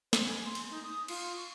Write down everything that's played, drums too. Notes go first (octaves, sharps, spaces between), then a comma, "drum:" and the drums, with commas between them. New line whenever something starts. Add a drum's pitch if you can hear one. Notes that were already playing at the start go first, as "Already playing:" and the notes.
C5, drum: snare
G#5
C6
drum: cymbal
D#4
D#6
F4, drum: cymbal
C#6